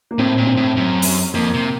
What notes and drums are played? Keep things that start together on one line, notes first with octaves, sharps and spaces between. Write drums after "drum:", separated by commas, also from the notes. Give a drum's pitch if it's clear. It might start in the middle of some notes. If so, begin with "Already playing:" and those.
A#3
A2 C4
A#2
C4
A2
F#2
drum: open hi-hat
F2 A#3
C3